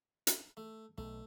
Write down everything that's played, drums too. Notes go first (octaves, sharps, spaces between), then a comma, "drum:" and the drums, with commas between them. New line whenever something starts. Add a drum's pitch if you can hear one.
drum: hi-hat
A3
B1 A3